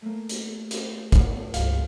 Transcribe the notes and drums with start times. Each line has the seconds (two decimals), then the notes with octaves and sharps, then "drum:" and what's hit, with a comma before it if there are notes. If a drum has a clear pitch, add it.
0.02 A3 A#3
0.29 drum: hi-hat
0.71 drum: hi-hat
1.12 drum: kick, hi-hat
1.54 C#2 G2 F5, drum: hi-hat